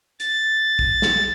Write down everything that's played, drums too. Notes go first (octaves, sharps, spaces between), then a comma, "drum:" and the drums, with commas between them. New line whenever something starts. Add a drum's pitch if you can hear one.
A6, drum: hi-hat
drum: kick
drum: snare